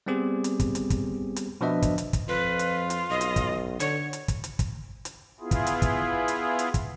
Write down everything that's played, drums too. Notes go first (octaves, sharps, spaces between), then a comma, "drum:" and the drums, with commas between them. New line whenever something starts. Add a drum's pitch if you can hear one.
G3 B3 C4 G4 G#4
drum: hi-hat
drum: kick, hi-hat
drum: hi-hat
drum: kick, hi-hat
drum: hi-hat
B2 F3 D4 B4 D#5 E5
drum: kick, hi-hat
drum: hi-hat
drum: kick, hi-hat
F2 F4 B4
drum: hi-hat
drum: hi-hat
B1 D#5
drum: hi-hat
drum: kick, hi-hat
D3 C#5, drum: hi-hat
drum: hi-hat
drum: kick, hi-hat
drum: hi-hat
drum: kick, hi-hat
drum: hi-hat
B3 E4 F4 G#4
drum: kick, hi-hat
drum: hi-hat
drum: kick, hi-hat
drum: hi-hat
drum: hi-hat
drum: kick, hi-hat